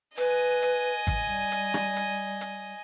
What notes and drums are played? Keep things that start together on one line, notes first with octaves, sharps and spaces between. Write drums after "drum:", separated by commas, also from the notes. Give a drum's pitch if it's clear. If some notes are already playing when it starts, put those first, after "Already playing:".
B4 D#5 G#5, drum: hi-hat
drum: hi-hat
drum: kick G#1, hi-hat
G3
drum: hi-hat
drum: rim click
drum: hi-hat
drum: hi-hat